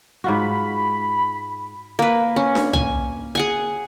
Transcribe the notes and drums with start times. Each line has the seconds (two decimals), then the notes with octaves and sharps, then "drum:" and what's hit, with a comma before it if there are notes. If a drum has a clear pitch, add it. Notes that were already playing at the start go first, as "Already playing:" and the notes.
0.24 G#2 F4 F#4 B5
1.99 A#3 B4
2.36 C#4
2.55 drum: snare D4
2.73 G#5, drum: tom C2
3.35 G#4 F#5 G#5